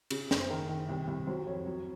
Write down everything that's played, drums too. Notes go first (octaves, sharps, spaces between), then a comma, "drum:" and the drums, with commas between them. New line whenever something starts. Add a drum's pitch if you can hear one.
C#3, drum: cymbal
F#1, drum: snare
C5
D#3 A#4
D#3
C2
C2
F#3 C5
F2 C#5
F#3